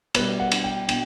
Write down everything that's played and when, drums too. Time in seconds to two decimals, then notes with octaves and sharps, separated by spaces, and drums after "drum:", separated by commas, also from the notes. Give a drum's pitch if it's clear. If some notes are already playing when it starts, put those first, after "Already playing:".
0.15 B2 G3 B4, drum: cymbal
0.40 F#5
0.52 drum: cymbal
0.64 G5
0.89 B2 G5, drum: cymbal